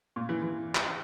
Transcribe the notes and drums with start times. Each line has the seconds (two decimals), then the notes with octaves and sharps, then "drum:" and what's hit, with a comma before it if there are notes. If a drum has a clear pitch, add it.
0.16 A#2
0.29 E3
0.43 E3
0.75 drum: clap